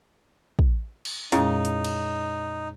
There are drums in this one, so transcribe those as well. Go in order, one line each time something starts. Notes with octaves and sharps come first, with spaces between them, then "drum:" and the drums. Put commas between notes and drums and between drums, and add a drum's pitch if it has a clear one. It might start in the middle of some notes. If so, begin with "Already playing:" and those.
drum: kick
drum: cymbal
F2 A#2 C#3 G#3 C#4 D#4 E4, drum: hi-hat
drum: hi-hat
drum: cymbal